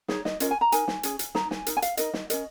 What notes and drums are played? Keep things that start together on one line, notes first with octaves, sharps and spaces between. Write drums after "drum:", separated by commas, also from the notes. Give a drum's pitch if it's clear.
D#4 G#4 C#5, drum: snare
D#5, drum: snare
C#4 F4 A#4 D#5, drum: hi-hat
G#5
A#5
D#4 A#4 G#5, drum: hi-hat
drum: snare
C#4 G#4, drum: hi-hat
drum: hi-hat
D#4 G#4 A#5, drum: snare
G#5, drum: snare
D#4 A#4, drum: hi-hat
G#5
F5, drum: hi-hat
D#4 A#4 D#5, drum: hi-hat
drum: snare
C#4 A#4 D#5, drum: hi-hat